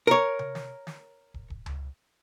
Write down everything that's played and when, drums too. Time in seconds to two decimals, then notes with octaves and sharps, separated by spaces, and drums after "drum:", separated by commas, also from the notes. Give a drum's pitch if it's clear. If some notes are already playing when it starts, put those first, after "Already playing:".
0.07 A#4 C#5
0.39 drum: tom C3
0.55 drum: snare
0.87 drum: snare
1.34 drum: kick
1.50 drum: kick
1.66 drum: tom C#2